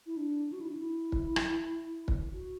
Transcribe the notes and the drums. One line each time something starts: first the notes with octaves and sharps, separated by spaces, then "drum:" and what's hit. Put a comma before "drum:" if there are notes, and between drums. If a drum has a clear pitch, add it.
E4
D4
F#4
E4
D4
E4
drum: kick
drum: rim click
drum: kick
F#4